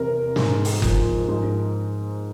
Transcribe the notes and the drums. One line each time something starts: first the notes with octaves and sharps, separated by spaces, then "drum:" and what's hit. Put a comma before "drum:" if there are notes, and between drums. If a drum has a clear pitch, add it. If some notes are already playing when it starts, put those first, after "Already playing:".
Already playing: E2 C3 A#4
G#2, drum: snare
drum: open hi-hat
F3, drum: kick F#1
G#2